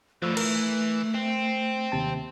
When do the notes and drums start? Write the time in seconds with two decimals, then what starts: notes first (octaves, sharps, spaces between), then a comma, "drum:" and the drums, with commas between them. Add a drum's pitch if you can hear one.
0.22 B2 D3 F3 A3 E6
0.37 E3 A#4, drum: cymbal
1.15 C4
1.92 D#2 C3 A5